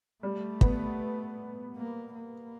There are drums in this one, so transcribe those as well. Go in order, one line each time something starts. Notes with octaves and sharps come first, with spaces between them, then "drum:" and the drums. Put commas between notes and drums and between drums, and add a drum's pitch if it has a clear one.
G3 A3
B3, drum: kick
A#3
A#3